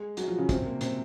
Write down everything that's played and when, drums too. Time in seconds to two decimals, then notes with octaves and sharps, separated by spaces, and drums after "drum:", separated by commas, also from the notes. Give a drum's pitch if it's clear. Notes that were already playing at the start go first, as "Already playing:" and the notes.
Already playing: G#3 G#4
0.17 F#3 F#4, drum: hi-hat
0.28 F3 F4
0.38 C#3 C#4
0.49 C3 C4, drum: kick, hi-hat
0.65 A#2 A#3
0.81 C3 C4, drum: hi-hat